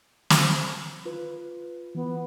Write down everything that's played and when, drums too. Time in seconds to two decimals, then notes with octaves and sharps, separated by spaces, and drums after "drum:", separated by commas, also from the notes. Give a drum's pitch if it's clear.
0.30 drum: snare
1.05 F4 B4
1.95 E3 B3